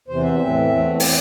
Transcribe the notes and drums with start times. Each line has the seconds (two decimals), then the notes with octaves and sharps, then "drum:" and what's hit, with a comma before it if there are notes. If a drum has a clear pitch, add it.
0.08 E2 C3 E3 C5
0.23 E5
0.39 A2 E3 C4
0.68 E2 E3 A3 C4
1.00 E3 C4 G5, drum: open hi-hat